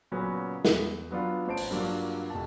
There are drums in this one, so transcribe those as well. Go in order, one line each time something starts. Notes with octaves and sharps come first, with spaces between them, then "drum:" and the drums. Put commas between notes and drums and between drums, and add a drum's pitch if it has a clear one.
A#2 C#3 F#3 B3 C#4 F#4
E2, drum: snare
F#3 B3 D4 F4
A1 C5 A5 D7
drum: open hi-hat
G2 F#3 A#3 D4 F4 F#4
F1 A5